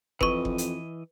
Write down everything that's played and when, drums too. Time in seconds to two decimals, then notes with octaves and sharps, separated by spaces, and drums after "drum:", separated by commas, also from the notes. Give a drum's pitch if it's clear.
0.21 F2 E3 B4 D#5 C#6, drum: kick F#1
0.45 drum: kick F#1
0.58 drum: hi-hat